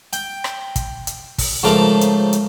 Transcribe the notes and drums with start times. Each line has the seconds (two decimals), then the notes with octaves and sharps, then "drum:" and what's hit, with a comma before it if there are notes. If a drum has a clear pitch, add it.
0.13 G5, drum: hi-hat
0.44 drum: rim click
0.76 drum: kick, hi-hat
1.07 drum: hi-hat
1.38 drum: kick, open hi-hat
1.63 G#2 C#3 F3 A3 A#4 D6
2.01 drum: hi-hat
2.33 drum: hi-hat